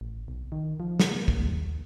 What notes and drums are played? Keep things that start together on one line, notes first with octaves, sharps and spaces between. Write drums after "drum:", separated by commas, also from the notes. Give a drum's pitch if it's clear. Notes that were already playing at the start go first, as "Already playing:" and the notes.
A1
B1
D#3
F3
drum: snare
A#3
drum: kick
D#2